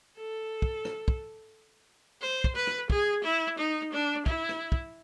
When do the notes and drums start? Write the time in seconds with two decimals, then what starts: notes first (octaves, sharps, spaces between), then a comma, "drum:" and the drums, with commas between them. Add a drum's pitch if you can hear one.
0.17 A4
0.62 drum: kick
0.85 drum: rim click
1.08 drum: kick
2.22 C5
2.44 drum: kick
2.55 B4
2.67 drum: rim click
2.90 G#4, drum: kick
3.24 E4
3.58 D#4
3.92 D4
4.26 E4, drum: kick
4.49 drum: rim click
4.72 drum: kick